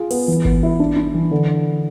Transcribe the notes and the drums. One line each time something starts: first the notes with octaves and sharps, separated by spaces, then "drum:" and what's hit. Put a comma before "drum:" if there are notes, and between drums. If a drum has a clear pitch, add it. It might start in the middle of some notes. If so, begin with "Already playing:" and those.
Already playing: F4 G#4
B3, drum: open hi-hat
E3
B3, drum: kick G#1
E4
D4
D4
E3
D3